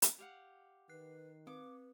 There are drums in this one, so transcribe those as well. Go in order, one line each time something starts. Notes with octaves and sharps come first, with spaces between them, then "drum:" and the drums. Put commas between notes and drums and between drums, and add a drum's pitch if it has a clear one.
drum: hi-hat
G4 F5 F#5
D#3 B4 F#6 C7
C4 B4 D6